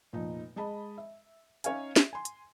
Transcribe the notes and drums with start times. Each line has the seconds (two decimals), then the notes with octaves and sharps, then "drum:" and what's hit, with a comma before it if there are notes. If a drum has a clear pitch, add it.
0.13 F1 A#2 F3 D#4
0.56 G#3 G#4 D#5 A5 B5
0.98 E5
1.64 C#4 D#4 C#5 E5 F5 G#5, drum: hi-hat
1.96 E5, drum: snare
2.13 G#5 C6
2.25 drum: hi-hat